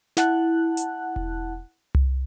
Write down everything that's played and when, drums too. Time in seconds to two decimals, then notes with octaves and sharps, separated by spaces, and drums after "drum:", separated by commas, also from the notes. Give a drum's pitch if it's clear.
0.17 E4 F#5 A5 F#6, drum: snare
0.77 drum: hi-hat
1.16 drum: kick E1
1.95 drum: tom C2